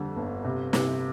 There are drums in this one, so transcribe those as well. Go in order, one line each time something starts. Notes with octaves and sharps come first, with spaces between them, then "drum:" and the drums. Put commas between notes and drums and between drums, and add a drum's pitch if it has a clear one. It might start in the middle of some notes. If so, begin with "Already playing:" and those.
Already playing: F2 D3 G3
G1
C3
C3, drum: snare